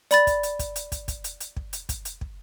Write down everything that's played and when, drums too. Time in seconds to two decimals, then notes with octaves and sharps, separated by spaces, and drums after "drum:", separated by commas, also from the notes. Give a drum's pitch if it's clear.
0.11 D5 B5 A6, drum: hi-hat
0.27 drum: kick, hi-hat
0.43 drum: hi-hat
0.59 drum: kick, hi-hat
0.76 drum: hi-hat
0.92 drum: kick, hi-hat
1.08 drum: kick, hi-hat
1.24 drum: hi-hat
1.40 drum: hi-hat
1.57 drum: kick
1.73 drum: hi-hat
1.89 drum: kick, hi-hat
2.05 drum: hi-hat
2.21 drum: kick